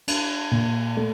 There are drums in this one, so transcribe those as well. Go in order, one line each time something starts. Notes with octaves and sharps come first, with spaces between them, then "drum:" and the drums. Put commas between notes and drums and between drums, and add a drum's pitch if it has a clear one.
D4, drum: cymbal
A#2
A3